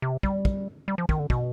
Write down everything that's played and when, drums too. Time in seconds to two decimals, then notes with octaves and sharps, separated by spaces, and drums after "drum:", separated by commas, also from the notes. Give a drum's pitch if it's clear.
0.02 C3
0.23 G3, drum: kick
0.45 drum: kick
0.88 G3
0.98 F3
1.09 D#3, drum: kick
1.19 D3
1.30 B2, drum: kick